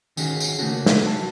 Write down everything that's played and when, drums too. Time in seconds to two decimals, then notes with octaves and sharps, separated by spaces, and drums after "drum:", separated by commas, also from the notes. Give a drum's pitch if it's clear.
0.17 D#3 C#4 F#4 G#4, drum: tambourine
0.40 drum: tambourine
0.59 C#3 A3 A#3 C#4 F#4 A4
0.86 drum: snare
1.03 F#4 A5